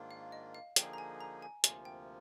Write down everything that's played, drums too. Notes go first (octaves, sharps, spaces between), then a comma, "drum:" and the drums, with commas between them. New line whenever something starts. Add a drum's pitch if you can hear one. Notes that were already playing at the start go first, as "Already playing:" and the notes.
Already playing: G#2 D#3 A#3 D4 F4
F5
D#5
F5
D3 F3 A#3 D#4 G#4 G5, drum: hi-hat
A#5
G#5
A#5
G#5
D2 C3 F3 A#3 F4 G#5, drum: hi-hat
G5